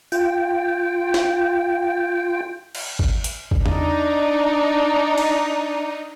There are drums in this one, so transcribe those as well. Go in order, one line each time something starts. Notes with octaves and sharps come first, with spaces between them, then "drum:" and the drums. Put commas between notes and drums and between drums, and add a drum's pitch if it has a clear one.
F4 G5, drum: tambourine
drum: snare
drum: cymbal
drum: kick
drum: hi-hat
drum: kick
D4 D#4, drum: tom
drum: cymbal